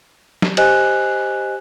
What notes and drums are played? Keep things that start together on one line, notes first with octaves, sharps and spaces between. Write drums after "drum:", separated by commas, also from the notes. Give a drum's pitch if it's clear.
drum: snare
G4 C5 D#5 G#5 F#6, drum: cymbal